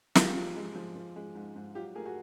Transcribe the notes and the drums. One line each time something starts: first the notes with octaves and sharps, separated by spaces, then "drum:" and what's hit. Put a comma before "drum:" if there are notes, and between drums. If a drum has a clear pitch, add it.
G#3 F4 G4, drum: snare
F3
G#3
F3
F3
G#3
G#2
G#2
F#3 F4 G4
A3 G#4 A#4
F#4 G#4